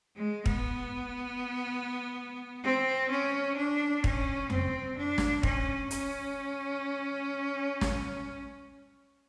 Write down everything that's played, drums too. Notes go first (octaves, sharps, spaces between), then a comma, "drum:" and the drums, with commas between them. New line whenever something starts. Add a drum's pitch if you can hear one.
G#3
B3, drum: kick
C4
C#4
D4
C#4, drum: kick
C4, drum: tom F2
D4
drum: snare
C#4, drum: kick
C#4, drum: hi-hat
drum: snare